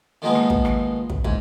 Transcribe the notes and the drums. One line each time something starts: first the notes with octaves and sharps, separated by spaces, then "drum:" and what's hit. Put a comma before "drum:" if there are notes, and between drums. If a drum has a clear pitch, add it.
D#3 F3 G#3 A#3 B3 D#4
drum: rim click
drum: kick
drum: rim click
drum: kick
G#2, drum: kick